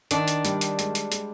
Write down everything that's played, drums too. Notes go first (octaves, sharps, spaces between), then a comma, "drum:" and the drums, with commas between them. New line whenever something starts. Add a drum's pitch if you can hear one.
D#3 D4, drum: hi-hat
drum: hi-hat
G3, drum: hi-hat
drum: hi-hat
G#3, drum: hi-hat
drum: hi-hat
G#3, drum: hi-hat